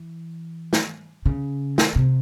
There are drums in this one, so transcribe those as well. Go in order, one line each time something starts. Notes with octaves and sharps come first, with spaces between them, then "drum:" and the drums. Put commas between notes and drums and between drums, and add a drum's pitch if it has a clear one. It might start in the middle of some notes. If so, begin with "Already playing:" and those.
Already playing: E3
drum: snare
C#3
drum: snare
C3